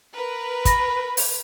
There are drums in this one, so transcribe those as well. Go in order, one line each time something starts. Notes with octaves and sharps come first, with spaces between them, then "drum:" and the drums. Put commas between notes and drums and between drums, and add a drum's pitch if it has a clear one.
A#4 B4
B5 A#6, drum: kick, hi-hat
drum: open hi-hat